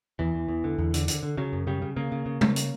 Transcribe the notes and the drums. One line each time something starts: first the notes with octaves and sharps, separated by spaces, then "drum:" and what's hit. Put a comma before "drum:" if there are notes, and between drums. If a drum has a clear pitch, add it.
E2 E3
E2
E2
D3
E2
D3, drum: hi-hat
D3, drum: hi-hat
D3
C#3 F#3
F#2
C#3 G3
C#3
C#3 A#3
C#3
C#3
C#3, drum: tom G3
drum: hi-hat